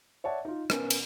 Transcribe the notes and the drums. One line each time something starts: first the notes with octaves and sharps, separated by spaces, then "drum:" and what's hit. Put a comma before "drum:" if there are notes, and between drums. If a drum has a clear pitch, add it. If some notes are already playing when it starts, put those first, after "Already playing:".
C#5 D5 E5 F#5 A5
D#4 F4
B3 C#4 A#4, drum: rim click
drum: cymbal